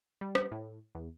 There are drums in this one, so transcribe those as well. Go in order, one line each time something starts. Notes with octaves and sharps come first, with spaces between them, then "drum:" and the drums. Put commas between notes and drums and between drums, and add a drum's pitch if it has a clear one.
G3
drum: rim click
A2
E2